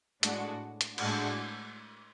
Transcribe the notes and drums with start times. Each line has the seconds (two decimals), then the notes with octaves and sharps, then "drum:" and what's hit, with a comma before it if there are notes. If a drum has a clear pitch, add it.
0.23 A2 G#3 D4 F#4, drum: hi-hat
0.81 drum: hi-hat
0.98 A2 G#3 D4 F#4, drum: cymbal